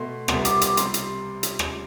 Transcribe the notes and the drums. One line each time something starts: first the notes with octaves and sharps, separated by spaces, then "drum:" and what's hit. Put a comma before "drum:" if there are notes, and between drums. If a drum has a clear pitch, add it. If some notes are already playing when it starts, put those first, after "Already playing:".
Already playing: B2 A3 C6
C2 C3 G3 B3 C6, drum: rim click
D6, drum: hi-hat
D6, drum: hi-hat
C3 G3 C6, drum: hi-hat
drum: hi-hat
drum: hi-hat
drum: rim click